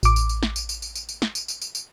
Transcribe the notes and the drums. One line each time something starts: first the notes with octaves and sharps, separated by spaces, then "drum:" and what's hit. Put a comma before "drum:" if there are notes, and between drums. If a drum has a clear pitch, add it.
A1 D6, drum: tambourine
drum: tambourine
drum: tambourine
drum: snare
drum: tambourine
drum: tambourine
drum: tambourine
drum: tambourine
drum: tambourine
drum: snare
drum: tambourine
drum: tambourine
drum: tambourine
drum: tambourine